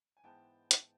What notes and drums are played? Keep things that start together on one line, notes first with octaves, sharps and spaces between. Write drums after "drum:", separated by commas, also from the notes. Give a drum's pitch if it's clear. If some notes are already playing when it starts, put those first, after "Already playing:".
G#5
G#2 E3 G#3 B3 G5 A5
drum: hi-hat